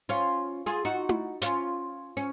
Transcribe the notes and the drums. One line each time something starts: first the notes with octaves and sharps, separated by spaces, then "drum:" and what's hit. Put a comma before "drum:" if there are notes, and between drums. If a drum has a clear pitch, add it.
C#4 F4
F4 G#4
D#4 F#4
drum: tom E4
C#4 F4, drum: hi-hat
C#4